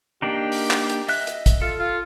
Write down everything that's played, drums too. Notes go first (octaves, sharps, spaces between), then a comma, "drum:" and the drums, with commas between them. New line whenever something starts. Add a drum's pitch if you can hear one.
A#3 D4 D#4 G4
drum: open hi-hat
drum: clap
drum: hi-hat
D#5 E5 F#6, drum: open hi-hat
drum: hi-hat
drum: kick, hi-hat
F4 A4
F4